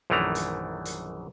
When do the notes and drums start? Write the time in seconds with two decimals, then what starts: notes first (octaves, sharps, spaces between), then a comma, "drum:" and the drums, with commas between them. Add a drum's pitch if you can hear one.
0.10 A#1 F#2 D#3 E3 A3 A#5
0.35 drum: hi-hat
0.85 drum: hi-hat